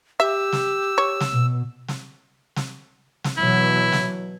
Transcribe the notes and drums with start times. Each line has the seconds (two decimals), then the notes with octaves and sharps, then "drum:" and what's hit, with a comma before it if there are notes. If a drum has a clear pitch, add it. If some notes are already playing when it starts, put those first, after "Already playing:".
0.20 G4 E5 E6
0.52 drum: snare
0.98 C#5
1.20 drum: snare
1.33 B2
1.88 drum: snare
2.56 drum: snare
3.24 drum: snare
3.37 B2 E3 F#3 E4
3.92 drum: snare